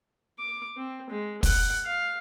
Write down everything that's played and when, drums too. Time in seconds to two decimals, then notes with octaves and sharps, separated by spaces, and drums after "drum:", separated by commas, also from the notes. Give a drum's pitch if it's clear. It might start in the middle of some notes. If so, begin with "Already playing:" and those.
0.39 D6
0.77 C4
1.10 G#3
1.43 F#5, drum: kick, open hi-hat
1.85 F5